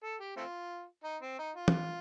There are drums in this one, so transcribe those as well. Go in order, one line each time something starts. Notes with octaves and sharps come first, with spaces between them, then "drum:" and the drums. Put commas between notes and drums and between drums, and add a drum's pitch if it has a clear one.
A4
G4
A3 C4 F4
D#4
C4
D#4
F4
drum: tom E3